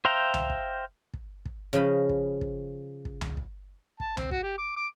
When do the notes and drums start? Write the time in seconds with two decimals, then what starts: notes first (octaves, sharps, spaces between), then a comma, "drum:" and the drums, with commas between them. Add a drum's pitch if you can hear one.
0.05 C5 E5 F5 G5 A#5
0.34 drum: tom C#2
0.50 drum: kick
1.14 drum: kick
1.45 drum: kick
1.73 C#3 F3 D#5 B5
2.09 drum: kick
2.41 drum: kick
3.05 drum: kick
3.21 drum: tom C#2
3.37 drum: kick
4.00 A5, drum: kick
4.17 C4, drum: tom C#2
4.31 F#4, drum: kick
4.43 G4
4.58 D6
4.77 D6